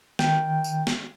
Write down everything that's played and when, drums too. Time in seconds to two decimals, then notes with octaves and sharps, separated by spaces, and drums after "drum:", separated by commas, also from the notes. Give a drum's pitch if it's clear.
0.19 D#3 G5, drum: snare
0.64 drum: tambourine
0.87 drum: snare